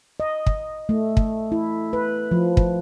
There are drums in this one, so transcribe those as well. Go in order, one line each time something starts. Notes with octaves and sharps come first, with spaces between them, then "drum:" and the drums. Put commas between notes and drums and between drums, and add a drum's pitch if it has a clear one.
D#5
drum: kick
A3
drum: kick
E4
B4
F3
drum: kick